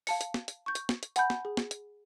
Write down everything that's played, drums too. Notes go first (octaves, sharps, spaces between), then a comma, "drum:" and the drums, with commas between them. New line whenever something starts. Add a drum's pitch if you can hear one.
F5 A5 C#7, drum: open hi-hat
drum: hi-hat
drum: snare
drum: hi-hat
C#6 G6
drum: hi-hat
drum: snare
drum: hi-hat
F#5 G#5 B5 G6, drum: hi-hat
drum: snare
G#4
drum: snare
drum: hi-hat